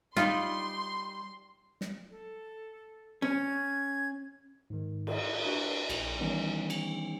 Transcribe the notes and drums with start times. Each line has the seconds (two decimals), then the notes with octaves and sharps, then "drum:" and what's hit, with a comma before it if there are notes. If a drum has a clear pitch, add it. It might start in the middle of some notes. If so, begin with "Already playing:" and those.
0.17 G3 D#4 F4 D5 C6, drum: snare
1.81 drum: snare
2.11 A4
3.22 C#4 G#6
4.70 G#2 D#3
5.07 drum: cymbal
5.45 D4 F#4 G4 B4
5.90 A#1, drum: cymbal
6.19 D#3 E3 G3 B3 C#4 D#4
6.70 drum: cymbal